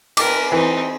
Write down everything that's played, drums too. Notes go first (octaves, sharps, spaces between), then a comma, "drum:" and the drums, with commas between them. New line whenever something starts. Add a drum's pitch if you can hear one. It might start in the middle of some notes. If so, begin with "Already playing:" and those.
A#4 B4 D6, drum: cymbal
E3 C4 D#4